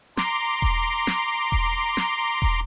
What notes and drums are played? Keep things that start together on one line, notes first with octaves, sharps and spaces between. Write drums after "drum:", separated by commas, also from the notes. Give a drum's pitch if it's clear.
A#5 C6 D6, drum: snare
drum: kick E1
drum: snare
drum: kick E1
drum: snare
drum: kick E1